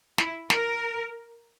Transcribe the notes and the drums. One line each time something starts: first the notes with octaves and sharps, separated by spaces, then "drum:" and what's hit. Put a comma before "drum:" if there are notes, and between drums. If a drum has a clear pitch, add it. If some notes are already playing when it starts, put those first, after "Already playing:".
E4, drum: snare
A#4, drum: snare